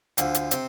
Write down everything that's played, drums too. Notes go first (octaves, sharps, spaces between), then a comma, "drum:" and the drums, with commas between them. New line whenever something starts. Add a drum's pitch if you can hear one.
D2 D3 F3, drum: hi-hat
drum: hi-hat
C3 C4, drum: hi-hat